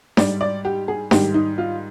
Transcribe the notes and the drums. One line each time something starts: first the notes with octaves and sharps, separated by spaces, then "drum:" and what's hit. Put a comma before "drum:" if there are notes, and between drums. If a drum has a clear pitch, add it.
G#2 G3 D5, drum: snare D4
D5
G4
G#4
G#2 D#3 G3 G4, drum: snare D4
D#4
F4